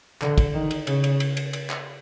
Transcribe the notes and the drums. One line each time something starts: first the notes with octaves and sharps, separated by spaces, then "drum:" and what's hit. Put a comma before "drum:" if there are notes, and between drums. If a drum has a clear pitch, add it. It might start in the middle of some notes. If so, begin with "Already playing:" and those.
D3, drum: clap
drum: kick, cymbal
D#3
drum: cymbal
C#3, drum: cymbal
drum: cymbal
drum: cymbal
drum: cymbal
drum: cymbal
drum: clap